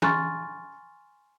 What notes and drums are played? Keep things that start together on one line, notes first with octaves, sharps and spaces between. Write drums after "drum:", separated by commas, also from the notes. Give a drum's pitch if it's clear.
G#5 A#5 C6 C#6 F6 A6, drum: tom E3